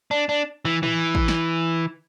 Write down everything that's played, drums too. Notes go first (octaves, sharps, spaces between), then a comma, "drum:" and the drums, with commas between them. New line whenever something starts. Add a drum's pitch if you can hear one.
D4
D4
E3
E3, drum: tom A2
drum: kick A1
drum: snare